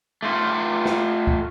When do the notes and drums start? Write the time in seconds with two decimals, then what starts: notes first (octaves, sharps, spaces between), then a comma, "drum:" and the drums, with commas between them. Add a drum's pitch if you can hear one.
0.23 A3 F4
0.85 drum: snare
1.27 drum: kick C2